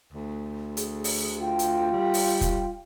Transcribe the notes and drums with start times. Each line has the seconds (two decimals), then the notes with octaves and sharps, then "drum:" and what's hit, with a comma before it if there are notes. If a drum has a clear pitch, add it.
0.13 D2
0.77 G#4, drum: hi-hat
1.04 drum: open hi-hat
1.41 F4 G5
1.59 drum: hi-hat
1.92 G3
2.14 drum: open hi-hat
2.41 drum: kick, hi-hat